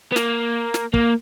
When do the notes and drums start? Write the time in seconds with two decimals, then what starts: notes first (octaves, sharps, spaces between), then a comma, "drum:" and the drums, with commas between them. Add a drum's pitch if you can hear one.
0.12 B3
0.16 A#3, drum: snare
0.74 drum: snare
0.94 A#3, drum: kick